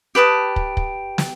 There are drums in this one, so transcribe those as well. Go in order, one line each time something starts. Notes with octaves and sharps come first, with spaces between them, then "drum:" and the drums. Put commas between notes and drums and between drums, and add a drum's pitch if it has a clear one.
G4 B4 A5 D#6
drum: kick
drum: kick
drum: snare